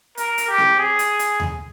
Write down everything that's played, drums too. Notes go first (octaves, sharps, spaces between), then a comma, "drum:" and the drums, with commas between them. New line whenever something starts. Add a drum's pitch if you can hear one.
A#4, drum: hi-hat
drum: hi-hat
G4
drum: snare C4
G#4
drum: hi-hat
drum: hi-hat
drum: tom D#2